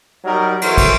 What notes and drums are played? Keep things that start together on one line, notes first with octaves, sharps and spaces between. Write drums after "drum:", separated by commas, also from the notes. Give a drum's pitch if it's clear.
F#3 G3 D#4 A#4
E3 F#4 A#4 C5 C#5, drum: cymbal
drum: kick, cymbal